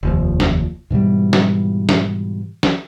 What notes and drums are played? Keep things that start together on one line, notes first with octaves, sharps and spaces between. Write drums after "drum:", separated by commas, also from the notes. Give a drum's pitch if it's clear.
F1 D#2 F3
drum: snare
G#2 B2 E3 G3
drum: snare
drum: snare
drum: snare